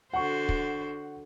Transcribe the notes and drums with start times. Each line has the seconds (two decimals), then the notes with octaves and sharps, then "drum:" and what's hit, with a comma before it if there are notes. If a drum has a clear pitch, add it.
0.13 D3 F#4 C5 F#5 C#6
0.49 drum: kick